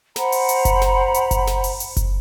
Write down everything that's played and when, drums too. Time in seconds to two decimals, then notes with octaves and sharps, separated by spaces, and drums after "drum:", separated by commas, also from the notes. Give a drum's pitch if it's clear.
0.16 C5 F#5 A#5 B5, drum: snare
0.32 drum: open hi-hat
0.49 drum: hi-hat
0.65 drum: kick F#1, hi-hat
0.82 drum: snare
1.14 drum: hi-hat
1.31 drum: kick F#1, hi-hat
1.47 drum: snare
1.64 drum: open hi-hat
1.80 drum: hi-hat
1.97 drum: kick F#1, hi-hat